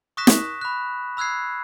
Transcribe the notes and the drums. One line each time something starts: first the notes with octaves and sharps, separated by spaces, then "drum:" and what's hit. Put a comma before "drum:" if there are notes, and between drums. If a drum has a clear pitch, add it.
C#6 D#6 F#6 A#6 B6 E7
drum: snare
B5 F#6
B5 E6 F#6 G#6 C7